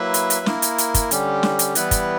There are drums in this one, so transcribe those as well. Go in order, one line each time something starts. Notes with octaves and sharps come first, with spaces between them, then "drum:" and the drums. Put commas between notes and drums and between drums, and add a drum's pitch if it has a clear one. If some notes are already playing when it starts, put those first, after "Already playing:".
Already playing: F#3 A#3 E4 B4 E5
drum: hi-hat
drum: hi-hat
A#3 E4 A#4, drum: snare
drum: hi-hat
drum: hi-hat
drum: kick, hi-hat
D3 G3 C#4 G4, drum: hi-hat
drum: snare
drum: hi-hat
E3 G3 B3 E4 B4, drum: hi-hat
drum: kick, hi-hat